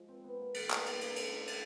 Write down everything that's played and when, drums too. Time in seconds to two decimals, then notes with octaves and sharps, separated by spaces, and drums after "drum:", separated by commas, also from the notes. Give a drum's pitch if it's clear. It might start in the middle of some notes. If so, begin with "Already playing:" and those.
Already playing: F3 G#3
0.09 C4
0.24 B3
0.40 A#3
0.54 A2 E3 G3 B3, drum: cymbal
0.71 A#3, drum: clap
0.86 B3, drum: cymbal
0.94 D#4
1.01 D4, drum: cymbal
1.16 C#4, drum: cymbal
1.37 D4
1.47 drum: cymbal